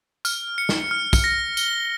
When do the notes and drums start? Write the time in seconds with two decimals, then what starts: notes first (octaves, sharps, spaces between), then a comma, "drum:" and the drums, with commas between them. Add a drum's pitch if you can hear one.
0.25 F6, drum: tambourine
0.58 C#7
0.69 drum: snare
0.91 F6
1.13 drum: kick, tambourine
1.24 A#6
1.57 G7, drum: tambourine